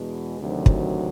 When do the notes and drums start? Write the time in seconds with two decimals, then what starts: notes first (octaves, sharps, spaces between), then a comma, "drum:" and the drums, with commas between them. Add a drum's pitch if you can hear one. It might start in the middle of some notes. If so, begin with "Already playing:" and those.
Already playing: E2 B2 G#3
0.39 D2 C3 D#3 F#3
0.66 drum: kick